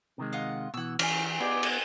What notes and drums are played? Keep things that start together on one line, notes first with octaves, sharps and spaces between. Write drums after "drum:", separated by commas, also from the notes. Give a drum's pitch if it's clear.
C3 D#3 G#3
F4 D#5 F#5
B2 E3 F#5 E6
E3 C#4 C#5 G#5, drum: cymbal
B3 D#4 G4 G#4 D5
drum: cymbal